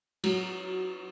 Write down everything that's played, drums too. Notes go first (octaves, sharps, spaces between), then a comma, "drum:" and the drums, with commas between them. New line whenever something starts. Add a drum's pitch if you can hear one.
F#3, drum: cymbal